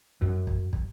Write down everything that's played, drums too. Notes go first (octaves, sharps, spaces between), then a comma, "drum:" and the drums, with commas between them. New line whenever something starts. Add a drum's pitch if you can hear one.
F#2
drum: kick
drum: kick